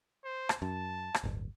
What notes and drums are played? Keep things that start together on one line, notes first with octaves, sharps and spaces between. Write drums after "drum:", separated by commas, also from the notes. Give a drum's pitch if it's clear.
C5
drum: rim click
F#2 A5
drum: rim click
D1 G1